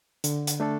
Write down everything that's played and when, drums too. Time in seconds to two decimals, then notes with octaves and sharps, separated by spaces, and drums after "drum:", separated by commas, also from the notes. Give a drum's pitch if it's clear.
0.24 D3, drum: hi-hat
0.47 drum: hi-hat
0.60 A3 D4 A4